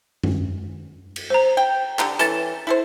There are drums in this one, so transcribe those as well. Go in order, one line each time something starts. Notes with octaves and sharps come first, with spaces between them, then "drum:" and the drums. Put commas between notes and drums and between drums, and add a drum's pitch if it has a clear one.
drum: tom F#2
drum: cymbal
C5 A#5
G5
D3 G4 A4 A#5, drum: clap
E3 C#4 A4 A6 E7, drum: hi-hat
E4 A4 C5